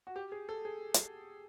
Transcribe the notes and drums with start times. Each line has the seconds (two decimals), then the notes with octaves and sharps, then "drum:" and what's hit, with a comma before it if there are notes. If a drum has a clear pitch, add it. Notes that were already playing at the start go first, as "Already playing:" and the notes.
0.07 F#4
0.16 G4
0.32 G#4
0.49 A4
0.65 G#4
0.94 drum: hi-hat